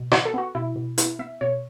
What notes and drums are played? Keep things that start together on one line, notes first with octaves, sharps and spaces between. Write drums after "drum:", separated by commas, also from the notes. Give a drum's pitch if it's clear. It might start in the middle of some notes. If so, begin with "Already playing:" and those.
Already playing: B2
B3 F#4, drum: rim click
A4
B3 F#4
B2 E4
B2
B3 E4, drum: hi-hat
B3 E5
B2 C#5